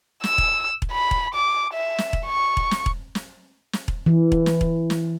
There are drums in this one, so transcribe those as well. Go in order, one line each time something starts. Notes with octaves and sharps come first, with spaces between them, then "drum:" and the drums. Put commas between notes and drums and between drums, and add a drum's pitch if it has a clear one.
E6, drum: snare
drum: kick E1
drum: kick E1
B5
drum: kick E1
D6
E5
drum: snare
drum: kick E1
C#6
drum: kick E1
drum: snare
drum: kick E1
drum: snare
drum: snare
drum: kick E1
E3
drum: kick E1
drum: snare
drum: kick E1
drum: snare